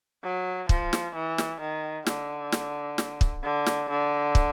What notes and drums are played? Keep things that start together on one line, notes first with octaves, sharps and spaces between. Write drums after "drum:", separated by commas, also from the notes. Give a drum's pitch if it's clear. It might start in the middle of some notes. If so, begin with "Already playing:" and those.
F#3
F3, drum: kick
drum: snare
E3
drum: snare
D#3
D3, drum: snare
drum: snare
drum: snare
drum: kick
D3
drum: snare
D3
drum: kick